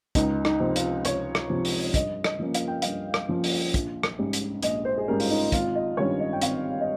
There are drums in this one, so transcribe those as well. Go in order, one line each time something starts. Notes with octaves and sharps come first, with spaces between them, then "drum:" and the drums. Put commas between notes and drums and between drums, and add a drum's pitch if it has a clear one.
C#2 D#4, drum: kick, hi-hat
D#4, drum: rim click
C3 F3 C4
F4, drum: hi-hat
C#2 C#5, drum: hi-hat
drum: rim click
C3 F3 C4
drum: open hi-hat
G2 D#5, drum: kick, hi-hat
D#5, drum: rim click
F3 A#3 C#4
F5, drum: hi-hat
G5
G2 F5, drum: hi-hat
drum: rim click
F3 A#3 C#4
drum: open hi-hat
A#1, drum: kick, hi-hat
drum: rim click
G#2 G3 C#4
drum: hi-hat
A#1 D#5, drum: hi-hat
C5
G#4
G#2 G3 C#4 A#4
F4, drum: open hi-hat
D#4
G#1 F4, drum: kick, hi-hat
D#5
G2 D#3 G3 C#4 C#5
D#5
G5
G#1 F5, drum: hi-hat
D#5